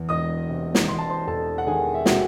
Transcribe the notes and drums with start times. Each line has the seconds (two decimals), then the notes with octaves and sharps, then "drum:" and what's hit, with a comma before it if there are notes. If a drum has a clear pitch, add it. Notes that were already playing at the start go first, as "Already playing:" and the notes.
Already playing: E2
0.09 E1 D#5 D#6
0.48 C3
0.75 drum: snare
0.88 E2 C6
0.98 A5
1.09 C5 C6
1.27 E1 A4 A5
1.58 F#5
1.67 D#3 G#4 G#5
1.94 E5
2.06 C3 F#4 F#5, drum: snare